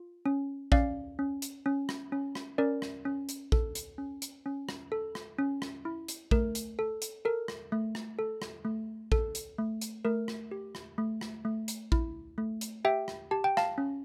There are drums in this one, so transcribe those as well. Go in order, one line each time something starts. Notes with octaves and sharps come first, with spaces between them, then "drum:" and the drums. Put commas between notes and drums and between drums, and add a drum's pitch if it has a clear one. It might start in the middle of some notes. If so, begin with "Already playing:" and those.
Already playing: F4
C#4
C#4 D5 F5, drum: kick A#1
C#4
drum: hi-hat
C#4
drum: rim click
C#4
drum: rim click
C#4 A#4 D5
drum: rim click
C#4
drum: hi-hat
A4, drum: kick A#1
drum: hi-hat
C#4
drum: hi-hat
C#4
drum: rim click
A4
drum: rim click
C#4
drum: rim click
E4
drum: hi-hat
A3 A#4, drum: kick A#1
drum: hi-hat
A4
drum: hi-hat
A4 A#4
drum: rim click
A3
drum: rim click
A4
drum: rim click
A3
A4, drum: kick A#1
drum: hi-hat
A3
drum: hi-hat
A3 A#4
drum: rim click
G4
drum: rim click
A3
drum: rim click
A3
drum: hi-hat
E4, drum: kick A#1
A3
drum: hi-hat
G4 E5 G5
drum: rim click
G4 A5
G5
F5 A5, drum: rim click
C#4